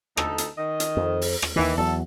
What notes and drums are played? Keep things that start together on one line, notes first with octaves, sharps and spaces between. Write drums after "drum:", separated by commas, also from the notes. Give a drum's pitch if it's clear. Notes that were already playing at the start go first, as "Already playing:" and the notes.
D2 D#4 A4, drum: rim click
drum: hi-hat
D#3 D#5
drum: hi-hat
F2
drum: open hi-hat
drum: rim click
D#2 D#3 E3
E2 F#3 A4